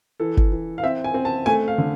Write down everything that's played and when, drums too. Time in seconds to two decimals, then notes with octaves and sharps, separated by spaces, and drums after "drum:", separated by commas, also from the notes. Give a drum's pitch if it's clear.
0.20 E3 A4
0.37 drum: kick
0.52 E3
0.78 F5
0.83 C4 E5
1.04 G#5
1.14 C4
1.25 A5
1.46 A3 G#5
1.68 F5
1.78 D3